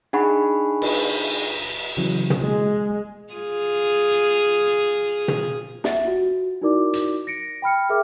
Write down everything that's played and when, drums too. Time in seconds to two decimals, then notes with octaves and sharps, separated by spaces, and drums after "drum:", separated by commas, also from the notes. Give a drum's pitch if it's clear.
0.13 D4 D#4 G#4 F#5 B5 C#6
0.82 drum: cymbal
1.97 C#3 E3 F#3
2.30 drum: tom
2.41 G#3
3.33 F4 G#4
5.28 drum: tom
5.84 E5 F#5 A6, drum: snare
6.05 F4 F#4
6.62 D#4 E4 F#4 A#4 D5 D6
6.93 drum: hi-hat
7.27 A#6 C#7 D7
7.62 G5 B5 F6 C#7
7.89 G#4 A#4 E5 G5 D6 F6